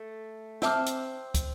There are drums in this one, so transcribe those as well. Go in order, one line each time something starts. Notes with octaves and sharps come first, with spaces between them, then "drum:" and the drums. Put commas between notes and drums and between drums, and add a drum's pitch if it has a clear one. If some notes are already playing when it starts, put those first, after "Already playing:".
Already playing: A3
C4 E5 A5 D6 F6, drum: snare
drum: hi-hat
drum: kick, hi-hat